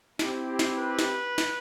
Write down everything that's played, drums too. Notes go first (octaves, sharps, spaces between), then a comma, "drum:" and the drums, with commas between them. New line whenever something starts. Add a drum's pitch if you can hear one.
C4 E4 G4, drum: snare
drum: snare
B4
drum: snare
drum: snare